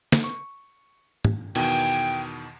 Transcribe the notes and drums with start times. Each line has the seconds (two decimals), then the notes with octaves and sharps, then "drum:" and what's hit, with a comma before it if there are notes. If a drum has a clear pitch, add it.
0.12 drum: snare
0.24 C#6
1.25 drum: tom
1.55 E2 B2 D#3 G5, drum: cymbal